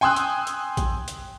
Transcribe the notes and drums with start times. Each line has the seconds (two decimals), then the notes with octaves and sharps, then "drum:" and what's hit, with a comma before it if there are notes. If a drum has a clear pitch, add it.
0.01 G5 G#5 C6 D#6 E6 F#6
0.16 drum: hi-hat
0.47 drum: hi-hat
0.77 drum: kick A#1, hi-hat
1.08 drum: hi-hat